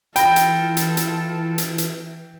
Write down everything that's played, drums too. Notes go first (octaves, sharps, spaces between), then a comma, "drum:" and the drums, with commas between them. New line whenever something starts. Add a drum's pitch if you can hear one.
E3 F4 A4 G5 B5 A#6, drum: hi-hat
drum: hi-hat
drum: hi-hat
drum: hi-hat
drum: hi-hat
drum: hi-hat